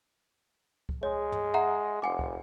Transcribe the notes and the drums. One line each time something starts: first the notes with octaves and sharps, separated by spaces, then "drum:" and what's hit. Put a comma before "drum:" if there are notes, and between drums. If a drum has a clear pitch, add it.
drum: kick C#2
G#3 C#5
drum: tom G2
E5 F#5 A#5
F1 F#5 G#5 D6
drum: kick C#2